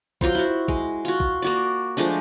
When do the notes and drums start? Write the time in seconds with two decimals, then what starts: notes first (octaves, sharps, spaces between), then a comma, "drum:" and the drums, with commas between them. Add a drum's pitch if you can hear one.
0.21 F#3 F4 C5 C6, drum: kick A1
0.35 E4 F#4
0.68 G#3, drum: kick A1
1.05 F4 F#4
1.20 drum: kick A1
1.42 A#3 F#4 D5
1.97 F3 G#3 A3 D4